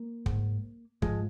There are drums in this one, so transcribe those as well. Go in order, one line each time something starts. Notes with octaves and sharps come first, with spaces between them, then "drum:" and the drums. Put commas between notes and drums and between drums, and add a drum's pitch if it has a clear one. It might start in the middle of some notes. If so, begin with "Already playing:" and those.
Already playing: A#3
G#2, drum: kick
G#2 F3 G#3, drum: kick